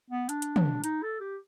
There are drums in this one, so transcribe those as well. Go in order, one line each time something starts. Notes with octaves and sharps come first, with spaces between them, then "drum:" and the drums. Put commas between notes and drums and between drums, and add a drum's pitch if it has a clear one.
B3
D4, drum: hi-hat
drum: hi-hat
drum: tom
D#4, drum: hi-hat
A4
G4